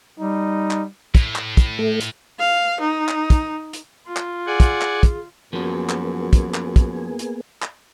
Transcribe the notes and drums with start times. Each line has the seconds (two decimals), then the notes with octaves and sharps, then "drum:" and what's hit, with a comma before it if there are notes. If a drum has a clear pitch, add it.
0.19 G3 D#4
0.71 drum: clap
1.15 A2, drum: kick, hi-hat
1.36 drum: clap
1.57 drum: kick, hi-hat
1.79 A3
2.01 drum: hi-hat
2.39 F5
2.80 D#4
3.09 drum: clap
3.30 drum: kick, hi-hat
3.73 drum: hi-hat
4.07 F4
4.17 drum: clap
4.47 G#4 D5 F#5 G#5
4.60 drum: kick, hi-hat
4.81 drum: clap
5.03 drum: kick, hi-hat
5.53 F#2 F3 F#3 A#3 B3 G#4
5.90 drum: clap
6.33 drum: kick, hi-hat
6.54 drum: clap
6.76 drum: kick, hi-hat
7.19 drum: hi-hat
7.62 drum: clap